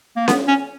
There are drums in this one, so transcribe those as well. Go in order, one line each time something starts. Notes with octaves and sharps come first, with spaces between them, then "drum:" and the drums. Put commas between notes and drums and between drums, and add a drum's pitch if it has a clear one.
A#3
B3, drum: snare C#4
C#4